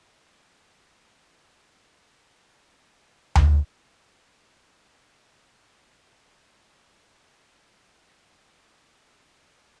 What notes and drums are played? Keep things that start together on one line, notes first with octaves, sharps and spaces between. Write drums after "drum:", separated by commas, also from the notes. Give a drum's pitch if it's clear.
A3 B3 G4 D#5 B5 D#6 G#6
A#4
drum: tom D2
A4
B4
F#4
A#5
F#2
D6
E4
D5
C5
B4
A5
C#3
G#5
G4 C5 F5 F#5